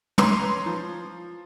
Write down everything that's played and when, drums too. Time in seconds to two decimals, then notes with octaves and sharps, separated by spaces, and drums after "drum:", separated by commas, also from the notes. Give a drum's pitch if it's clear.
0.18 B4 C#5 A#5 C6, drum: tom
0.66 F3